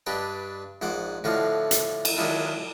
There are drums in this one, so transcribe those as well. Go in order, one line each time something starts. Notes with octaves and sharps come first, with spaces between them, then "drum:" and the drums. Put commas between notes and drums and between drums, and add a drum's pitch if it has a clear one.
G2 D4 G4 B4 D#5
A#1 G#2 C5 F#5 D6
A2 D3 F3 F#4 D#5 F5
drum: hi-hat
drum: cymbal
D#3 F#3 G#3 D4 E4 F4